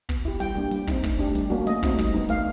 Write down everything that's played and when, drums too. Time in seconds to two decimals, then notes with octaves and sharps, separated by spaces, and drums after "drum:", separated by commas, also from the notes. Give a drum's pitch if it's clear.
0.09 B3, drum: kick
0.25 E4 G4
0.40 G3 G5, drum: hi-hat
0.55 A#3 D4 G4
0.71 G3, drum: hi-hat
0.87 C4 D#4, drum: kick
1.03 A3, drum: kick, hi-hat
1.19 D4 G4
1.35 G3, drum: hi-hat
1.50 A#3 C#4 F#4
1.67 A3 D#5, drum: hi-hat
1.83 C4 D#4 F#4, drum: kick
1.98 G3, drum: kick, hi-hat
2.14 B3 D#4
2.29 A3 F5, drum: hi-hat